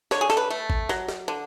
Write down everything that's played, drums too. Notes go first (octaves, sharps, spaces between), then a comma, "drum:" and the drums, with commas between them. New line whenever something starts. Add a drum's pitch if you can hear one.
D3 C#5, drum: snare
G#4
A4, drum: snare
B4
A3
drum: kick A1
F#3, drum: snare
drum: snare
D3